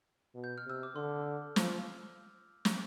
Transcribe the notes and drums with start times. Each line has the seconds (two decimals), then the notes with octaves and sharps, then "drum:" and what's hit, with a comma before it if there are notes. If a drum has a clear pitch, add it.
0.35 B2
0.44 G6
0.58 F6
0.65 C3 E6
0.83 D6
0.96 D3 C6
1.56 F3, drum: snare
2.65 drum: snare